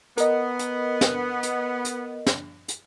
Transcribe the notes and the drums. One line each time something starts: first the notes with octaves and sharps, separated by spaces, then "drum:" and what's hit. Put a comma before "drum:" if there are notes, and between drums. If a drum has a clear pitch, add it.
B3 A#4 D#5, drum: hi-hat
drum: hi-hat
drum: snare
drum: hi-hat
drum: hi-hat
drum: snare
drum: hi-hat